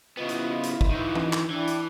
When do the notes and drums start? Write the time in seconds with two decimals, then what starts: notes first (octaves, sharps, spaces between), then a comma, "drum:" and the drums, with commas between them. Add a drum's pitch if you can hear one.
0.17 C#3 B3 E4 F4 D#5
0.29 drum: hi-hat
0.63 drum: hi-hat
0.81 drum: kick
0.91 D#3 E3
1.15 drum: tom
1.33 drum: clap
1.50 E3 D4 E4 G5
1.67 drum: hi-hat